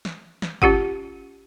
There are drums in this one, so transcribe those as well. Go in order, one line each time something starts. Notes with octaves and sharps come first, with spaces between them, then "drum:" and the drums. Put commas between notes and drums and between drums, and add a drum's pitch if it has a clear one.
drum: snare
drum: snare
C#4 F4 G4 F#5, drum: kick G1